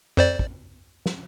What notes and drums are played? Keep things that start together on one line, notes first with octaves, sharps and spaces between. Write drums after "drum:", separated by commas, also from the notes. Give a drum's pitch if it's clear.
F2 C5 D5
drum: kick
drum: snare